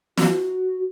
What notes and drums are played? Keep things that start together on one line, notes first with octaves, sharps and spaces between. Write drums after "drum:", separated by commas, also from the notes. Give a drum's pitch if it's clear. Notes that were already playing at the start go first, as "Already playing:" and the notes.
F#4, drum: snare